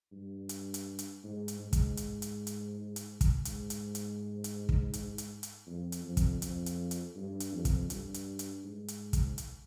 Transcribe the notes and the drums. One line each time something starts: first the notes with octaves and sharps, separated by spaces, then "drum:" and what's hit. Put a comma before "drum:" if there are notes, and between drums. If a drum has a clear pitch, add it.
G2
drum: hi-hat
drum: hi-hat
drum: hi-hat
G#2
drum: hi-hat
G#2
drum: kick, hi-hat
drum: hi-hat
drum: hi-hat
drum: hi-hat
drum: hi-hat
drum: kick, hi-hat
G#2, drum: hi-hat
drum: hi-hat
drum: hi-hat
drum: hi-hat
drum: kick
drum: hi-hat
drum: hi-hat
drum: hi-hat
F2
drum: hi-hat
F2
drum: kick, hi-hat
F2, drum: hi-hat
drum: hi-hat
drum: hi-hat
G2
drum: hi-hat
F2
drum: kick, hi-hat
G2, drum: hi-hat
drum: hi-hat
drum: hi-hat
G#2
drum: hi-hat
drum: kick, hi-hat
drum: hi-hat